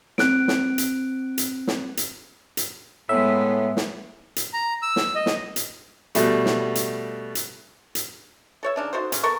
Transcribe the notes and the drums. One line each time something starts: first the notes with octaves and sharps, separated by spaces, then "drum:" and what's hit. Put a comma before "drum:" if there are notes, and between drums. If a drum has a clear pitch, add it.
C4 F#6 D7, drum: snare
drum: snare
drum: hi-hat
drum: hi-hat
drum: snare
drum: hi-hat
drum: hi-hat
A2 G#3 B3 E5
drum: snare
drum: hi-hat
A#5
E6
drum: snare
D#5
drum: snare
drum: hi-hat
B2 G3 A3, drum: hi-hat
drum: snare
drum: hi-hat
drum: hi-hat
drum: hi-hat
A4 C#5 E5
C#3 D4 D#4
D#4 F#4 A4 C5
C#3, drum: hi-hat
B3 A4 A#4 C#6